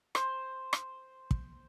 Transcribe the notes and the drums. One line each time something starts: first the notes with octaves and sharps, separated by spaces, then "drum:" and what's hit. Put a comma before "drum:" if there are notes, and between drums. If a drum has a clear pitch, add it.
C5, drum: rim click
drum: rim click
drum: kick